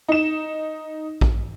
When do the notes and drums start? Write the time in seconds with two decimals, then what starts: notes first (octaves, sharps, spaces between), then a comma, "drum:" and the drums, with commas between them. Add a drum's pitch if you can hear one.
0.08 D#4 E7
1.21 drum: kick A#1